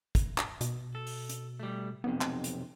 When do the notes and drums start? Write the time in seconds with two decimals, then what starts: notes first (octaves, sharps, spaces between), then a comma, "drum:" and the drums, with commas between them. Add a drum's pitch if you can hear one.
0.15 drum: kick, hi-hat
0.38 drum: clap
0.61 B2, drum: hi-hat
0.95 A4
1.07 drum: open hi-hat
1.29 drum: hi-hat
1.60 G3 A3
2.04 B1 F2 C3 B3
2.21 drum: clap
2.44 drum: hi-hat